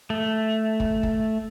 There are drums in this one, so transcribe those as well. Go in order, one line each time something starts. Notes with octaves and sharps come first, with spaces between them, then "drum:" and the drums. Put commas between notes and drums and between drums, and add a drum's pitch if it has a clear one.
A3
drum: kick
drum: kick